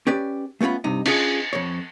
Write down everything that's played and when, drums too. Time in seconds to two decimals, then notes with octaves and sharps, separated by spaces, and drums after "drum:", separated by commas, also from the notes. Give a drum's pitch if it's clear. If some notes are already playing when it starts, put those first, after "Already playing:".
0.07 C#4 G4 B4 D5
0.61 A3 B3 C#4 F4 B5
0.84 G2 C3 D#4
1.06 C#4 D4 F4 G#4 D#5, drum: cymbal
1.53 F2 C#5